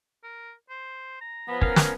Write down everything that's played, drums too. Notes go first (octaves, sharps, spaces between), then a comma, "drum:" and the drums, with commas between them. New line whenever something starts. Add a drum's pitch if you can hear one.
A#4
C5
A#5
F3 B3 B5
C#4 A#4 F5, drum: kick
drum: snare